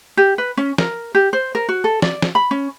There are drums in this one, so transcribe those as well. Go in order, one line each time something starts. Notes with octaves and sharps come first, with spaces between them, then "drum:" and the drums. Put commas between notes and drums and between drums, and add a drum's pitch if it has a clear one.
G4
B4
C#4
A#4, drum: snare
G4
C5
A#4
F#4
A4
D5, drum: snare
drum: snare
B5
C#4